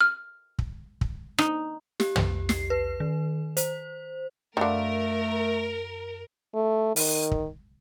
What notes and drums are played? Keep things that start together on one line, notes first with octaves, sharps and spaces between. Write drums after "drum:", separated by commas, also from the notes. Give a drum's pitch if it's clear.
F6
drum: kick
drum: kick
D#4, drum: rim click
G4, drum: snare
drum: tom
C7, drum: snare
B4
D#3
C5, drum: hi-hat
F#2 D3 D#3 A3 A#4 F5
A3
D#3, drum: open hi-hat
drum: kick